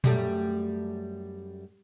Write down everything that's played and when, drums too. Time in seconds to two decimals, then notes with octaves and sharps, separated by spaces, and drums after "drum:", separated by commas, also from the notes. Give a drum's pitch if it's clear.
0.04 F#2 G3 A3, drum: tom A#2